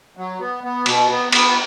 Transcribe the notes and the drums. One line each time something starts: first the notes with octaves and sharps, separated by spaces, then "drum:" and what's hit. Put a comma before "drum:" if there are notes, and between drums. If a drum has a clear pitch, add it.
F#3
B3
B3
B2, drum: cymbal
B3
B3, drum: cymbal